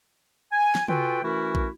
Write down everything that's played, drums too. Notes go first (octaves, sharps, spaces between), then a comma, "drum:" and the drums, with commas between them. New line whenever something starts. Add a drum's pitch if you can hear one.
G#5
drum: snare
F4 F#4 A4 B4 G5 G#5, drum: tom
E3 A3 C#4 E4 F#4 A#4
drum: kick